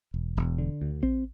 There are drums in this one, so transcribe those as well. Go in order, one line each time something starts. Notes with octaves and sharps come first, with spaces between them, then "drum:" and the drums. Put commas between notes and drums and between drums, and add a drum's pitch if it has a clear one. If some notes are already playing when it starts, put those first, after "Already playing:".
E1
E1
D3
D2
C4, drum: kick A1